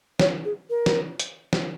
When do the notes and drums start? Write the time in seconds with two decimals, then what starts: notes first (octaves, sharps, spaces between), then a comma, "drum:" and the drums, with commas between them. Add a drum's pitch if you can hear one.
0.19 C#5, drum: snare
0.44 G#4
0.70 A#4
0.86 drum: snare
1.19 drum: hi-hat
1.53 drum: snare